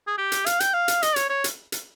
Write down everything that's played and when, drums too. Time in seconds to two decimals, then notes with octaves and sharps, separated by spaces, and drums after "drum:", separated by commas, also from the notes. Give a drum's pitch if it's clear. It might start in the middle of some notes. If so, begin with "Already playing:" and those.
0.07 G#4
0.18 G4
0.32 drum: hi-hat
0.46 F5, drum: hi-hat
0.60 G5, drum: hi-hat
0.74 F5
0.88 drum: hi-hat
1.03 D#5, drum: hi-hat
1.16 C#5, drum: hi-hat
1.30 C#5
1.44 drum: hi-hat
1.72 drum: hi-hat